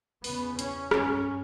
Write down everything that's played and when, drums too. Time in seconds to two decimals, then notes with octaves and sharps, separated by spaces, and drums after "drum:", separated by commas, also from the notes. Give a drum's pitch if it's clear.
0.24 E2 C#3 B3, drum: open hi-hat
0.59 C#4, drum: hi-hat
0.91 G2 C#4, drum: rim click